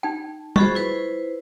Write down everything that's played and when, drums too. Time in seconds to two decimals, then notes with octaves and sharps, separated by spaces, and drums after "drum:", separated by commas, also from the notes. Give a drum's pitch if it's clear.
0.03 D#4 G5
0.56 F4 F#4 G#4 C5 D#5 C#6, drum: tom G3
0.75 E4 B4 C5